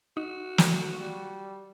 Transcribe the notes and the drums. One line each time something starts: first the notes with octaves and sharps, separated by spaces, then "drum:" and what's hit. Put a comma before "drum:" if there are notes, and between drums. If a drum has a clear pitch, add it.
D#4 F#4
C5, drum: snare
G3